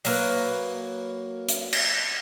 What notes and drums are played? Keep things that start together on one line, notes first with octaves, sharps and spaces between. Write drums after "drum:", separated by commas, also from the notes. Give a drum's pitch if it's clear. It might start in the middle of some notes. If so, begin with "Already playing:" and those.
F#3 A#3 B4, drum: open hi-hat
drum: hi-hat
drum: cymbal